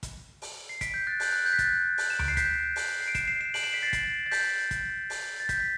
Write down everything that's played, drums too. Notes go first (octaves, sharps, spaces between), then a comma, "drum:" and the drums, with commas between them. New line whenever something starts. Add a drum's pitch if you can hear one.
drum: kick, hi-hat
drum: open hi-hat
C7
B6 D7, drum: kick, hi-hat
G6 B6
F#6 A6
G6, drum: open hi-hat
F#6
G6
B6
F#6 A6, drum: kick, hi-hat
drum: open hi-hat
E7
D7, drum: tom D2
C7
G6 B6, drum: kick, hi-hat
drum: open hi-hat
C7
D7
C7 E7, drum: kick, hi-hat
C7 E7
C7 E7
D7 F#7, drum: open hi-hat
C7 E7
B6 D7
A6 C7
drum: kick, hi-hat
A6
G6 B6, drum: open hi-hat
drum: kick, hi-hat
drum: open hi-hat
A6
G6 B6, drum: kick, hi-hat
B6